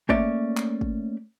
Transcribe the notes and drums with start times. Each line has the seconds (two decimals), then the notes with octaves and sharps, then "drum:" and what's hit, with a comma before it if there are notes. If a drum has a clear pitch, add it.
0.09 A3 A#3 C#4 C#5 D5 E5, drum: kick
0.57 drum: clap
0.81 drum: kick